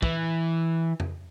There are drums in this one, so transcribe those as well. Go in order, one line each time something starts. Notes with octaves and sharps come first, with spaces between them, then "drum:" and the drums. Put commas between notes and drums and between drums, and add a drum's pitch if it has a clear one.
E3, drum: kick
drum: tom F2